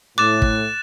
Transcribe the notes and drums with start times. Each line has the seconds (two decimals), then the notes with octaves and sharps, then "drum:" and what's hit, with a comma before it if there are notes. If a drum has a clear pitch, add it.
0.18 A2 D6 F#6 A6 E7
0.42 drum: kick